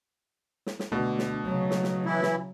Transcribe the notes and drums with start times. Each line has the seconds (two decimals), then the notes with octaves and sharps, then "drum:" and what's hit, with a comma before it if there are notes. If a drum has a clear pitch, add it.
0.66 drum: snare
0.79 drum: snare
0.92 B2 D3 A3
1.18 drum: snare
1.44 C#3 F#3
1.70 drum: snare
1.84 drum: snare
2.06 E3 E4
2.23 drum: snare